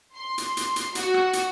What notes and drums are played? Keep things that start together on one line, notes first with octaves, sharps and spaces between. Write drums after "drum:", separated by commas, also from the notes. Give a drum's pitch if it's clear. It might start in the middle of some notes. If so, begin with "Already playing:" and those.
C6
drum: hi-hat
drum: hi-hat
drum: hi-hat
F#4, drum: hi-hat
drum: rim click
drum: hi-hat